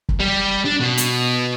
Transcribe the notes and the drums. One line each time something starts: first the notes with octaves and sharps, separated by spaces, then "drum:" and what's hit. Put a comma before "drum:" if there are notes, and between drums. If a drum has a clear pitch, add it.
drum: kick
G3
D4
B2
drum: hi-hat